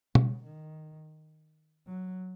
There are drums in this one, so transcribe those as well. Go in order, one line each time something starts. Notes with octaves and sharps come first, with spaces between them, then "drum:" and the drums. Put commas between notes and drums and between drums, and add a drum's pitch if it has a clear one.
C#3, drum: tom B2
D#3
F#3